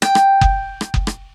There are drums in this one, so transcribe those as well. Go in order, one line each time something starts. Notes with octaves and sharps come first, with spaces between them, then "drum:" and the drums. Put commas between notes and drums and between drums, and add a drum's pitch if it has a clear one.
G5, drum: rim click
drum: rim click
drum: kick F#1
drum: rim click
drum: kick F#1
drum: rim click